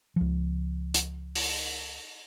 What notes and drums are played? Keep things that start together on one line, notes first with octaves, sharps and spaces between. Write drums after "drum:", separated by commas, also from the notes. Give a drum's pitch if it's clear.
C#2 F3
drum: hi-hat
drum: open hi-hat